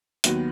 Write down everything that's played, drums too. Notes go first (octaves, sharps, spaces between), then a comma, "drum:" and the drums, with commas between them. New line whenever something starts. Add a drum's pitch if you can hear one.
D#2 D#3 F#3 B3 F#4, drum: hi-hat